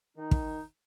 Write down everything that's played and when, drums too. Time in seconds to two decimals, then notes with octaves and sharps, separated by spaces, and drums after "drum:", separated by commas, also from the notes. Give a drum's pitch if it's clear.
0.17 D#3 D#4
0.31 drum: kick